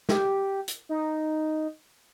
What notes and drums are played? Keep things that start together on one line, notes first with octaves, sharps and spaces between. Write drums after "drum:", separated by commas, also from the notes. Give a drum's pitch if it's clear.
G4, drum: snare
drum: hi-hat
D#4